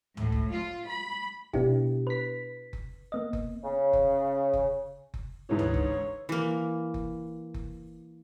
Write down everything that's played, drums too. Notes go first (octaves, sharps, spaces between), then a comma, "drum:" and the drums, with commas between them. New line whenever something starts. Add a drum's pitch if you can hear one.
A2, drum: tom C#2
drum: kick F#1
F4
B5
B2 B3 D4 E4 G4, drum: kick F#1
B4 B6
drum: kick F#1
A#3 B3 D#5
drum: kick F#1
C#3
drum: kick F#1
drum: kick F#1
drum: kick F#1
G#2 D3 E3 E4 B4 C#5
drum: tom C#2
drum: kick F#1
E3 A#3
drum: kick F#1
drum: kick F#1